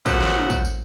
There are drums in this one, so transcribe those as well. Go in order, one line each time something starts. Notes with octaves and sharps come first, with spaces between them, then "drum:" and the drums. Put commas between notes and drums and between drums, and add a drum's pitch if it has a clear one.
F#2 A#2 C#3 A4 C5 F#5, drum: kick, tambourine
drum: snare
drum: tom
drum: kick, tambourine
drum: tambourine